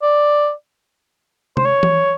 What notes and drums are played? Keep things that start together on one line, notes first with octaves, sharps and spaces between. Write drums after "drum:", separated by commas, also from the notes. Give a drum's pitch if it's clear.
D5
C5, drum: tom C3
C#5
drum: tom E3